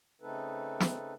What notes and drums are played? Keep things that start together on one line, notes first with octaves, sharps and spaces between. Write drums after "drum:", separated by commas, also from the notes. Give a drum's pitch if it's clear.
C#3 A3 C4 D#4 A4 B4
drum: snare